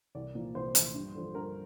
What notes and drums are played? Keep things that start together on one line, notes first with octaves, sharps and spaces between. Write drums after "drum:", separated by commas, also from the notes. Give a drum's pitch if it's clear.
C2 D5
A#2 F3
C2 C5
A#2 F3, drum: hi-hat
G2
D3 F3
G2 A#4